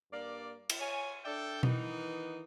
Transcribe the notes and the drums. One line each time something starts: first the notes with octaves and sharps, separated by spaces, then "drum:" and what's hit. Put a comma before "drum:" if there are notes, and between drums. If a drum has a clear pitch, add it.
G2 A#3 D5
drum: cymbal
C#5 G#5
D4 A4 D5 E5 G5
D#3 E3 B3 D#4, drum: tom B2